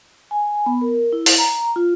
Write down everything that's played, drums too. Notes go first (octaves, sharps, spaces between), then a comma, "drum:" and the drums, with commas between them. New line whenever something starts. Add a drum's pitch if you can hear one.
G#5
B3
A#4
E4
drum: open hi-hat
A#5
F4